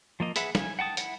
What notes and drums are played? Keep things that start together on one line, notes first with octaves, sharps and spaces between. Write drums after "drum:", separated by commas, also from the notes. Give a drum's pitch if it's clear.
F3 A#3 D#5
G#4 B4 E5 F#5, drum: hi-hat
G#5, drum: snare
F#5 G5 A5 D#6
E4 F#5, drum: hi-hat